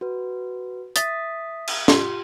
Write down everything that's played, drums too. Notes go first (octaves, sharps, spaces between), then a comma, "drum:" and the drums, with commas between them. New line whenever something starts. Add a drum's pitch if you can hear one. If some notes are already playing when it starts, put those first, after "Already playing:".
F#4 B4
E5 D#6 A6 B6, drum: hi-hat
drum: cymbal
F4 G4 C6, drum: snare